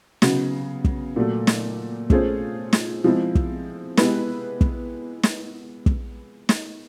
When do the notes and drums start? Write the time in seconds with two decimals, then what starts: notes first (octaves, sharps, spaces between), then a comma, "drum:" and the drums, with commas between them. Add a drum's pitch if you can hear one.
0.22 C#3 F#3 B3, drum: snare
0.84 drum: kick
1.16 A#2 F#3 A3
1.47 drum: snare
2.10 A3 C#4 F4 G#4 C5, drum: kick
2.73 drum: snare
3.04 F3 G#3 C4 E4
3.35 drum: kick
3.97 G#3 B3 E4 G4 B4, drum: snare
4.61 drum: kick
5.23 drum: snare
5.86 drum: kick
6.49 drum: snare